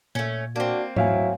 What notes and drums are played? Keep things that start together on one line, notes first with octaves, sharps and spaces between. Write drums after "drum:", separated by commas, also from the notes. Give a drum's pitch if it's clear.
A#2 A3 C#4
A#3 C4 D4 F#4
F#3 E4 C#5 F5 G#5, drum: tom G#2